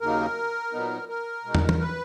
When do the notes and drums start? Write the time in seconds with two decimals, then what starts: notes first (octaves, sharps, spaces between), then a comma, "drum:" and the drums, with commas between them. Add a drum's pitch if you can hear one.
0.01 D#2 C#3 F#3 A#3 D#4 A#4
0.73 A#2 F#3 B3 D#4
1.09 A#4
1.44 B2 G#3 D#4
1.55 drum: tom
1.69 drum: tom
1.80 B4